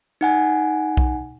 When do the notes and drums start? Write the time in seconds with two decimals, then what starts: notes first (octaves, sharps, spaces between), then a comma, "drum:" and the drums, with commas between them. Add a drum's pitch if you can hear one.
0.21 D#4 F#5 G#5
0.97 drum: kick B1